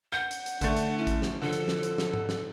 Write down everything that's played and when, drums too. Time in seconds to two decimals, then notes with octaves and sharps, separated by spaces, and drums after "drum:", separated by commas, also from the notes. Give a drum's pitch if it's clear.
0.12 F#5 G6
0.31 drum: hi-hat
0.46 drum: hi-hat
0.61 D3 A3 D4, drum: kick A1, hi-hat
0.77 drum: hi-hat
0.98 C#4 E4
1.07 drum: kick A1, hi-hat
1.22 drum: snare
1.42 D3 F3 A4
1.53 drum: hi-hat
1.68 drum: snare
1.83 drum: hi-hat
1.98 drum: snare
2.14 drum: tom G#2
2.29 drum: snare